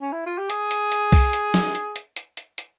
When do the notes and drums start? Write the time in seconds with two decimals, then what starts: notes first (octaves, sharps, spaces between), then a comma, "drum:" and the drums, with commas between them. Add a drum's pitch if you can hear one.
0.01 C#4
0.13 E4
0.26 F4
0.38 G4
0.50 G#4, drum: hi-hat
0.71 drum: hi-hat
0.92 drum: hi-hat
1.12 drum: kick, open hi-hat
1.33 drum: hi-hat
1.54 drum: snare
1.75 drum: hi-hat
1.96 drum: hi-hat
2.16 drum: hi-hat
2.37 drum: hi-hat
2.58 drum: hi-hat